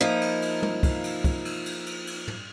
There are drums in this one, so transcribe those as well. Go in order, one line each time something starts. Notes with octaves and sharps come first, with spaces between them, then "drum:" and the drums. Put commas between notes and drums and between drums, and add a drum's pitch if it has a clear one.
F3 A#3 D#4 E4
drum: cymbal
drum: cymbal
drum: tom
drum: kick, cymbal
drum: cymbal
drum: kick, cymbal
drum: cymbal
drum: cymbal
drum: cymbal
drum: cymbal
drum: tom